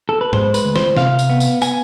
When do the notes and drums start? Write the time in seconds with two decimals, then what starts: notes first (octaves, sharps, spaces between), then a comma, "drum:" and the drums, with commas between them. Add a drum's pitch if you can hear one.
0.09 A4
0.21 B4
0.33 G#3 C5, drum: tom G#2
0.54 B4, drum: tambourine
0.65 D2
0.76 C5, drum: snare
0.97 C3 F5, drum: snare
1.19 drum: tambourine
1.30 B3
1.40 drum: tambourine
1.62 B3 G#5, drum: tambourine